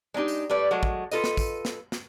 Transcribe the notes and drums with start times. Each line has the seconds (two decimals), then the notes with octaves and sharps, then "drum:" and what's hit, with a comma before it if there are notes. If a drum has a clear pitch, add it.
0.14 G#3 D4 D#4 G4
0.28 drum: tambourine
0.49 G3 A3 B4 D5
0.71 F#3 G#3 A3
0.83 drum: kick
1.11 F4 A4 B4 D#5, drum: tambourine
1.24 drum: snare
1.37 drum: kick, tambourine
1.65 drum: snare
1.92 drum: snare